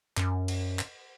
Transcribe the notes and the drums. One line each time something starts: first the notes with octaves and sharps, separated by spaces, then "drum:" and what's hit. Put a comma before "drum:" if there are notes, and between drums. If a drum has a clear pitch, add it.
F#2, drum: clap
drum: cymbal
drum: clap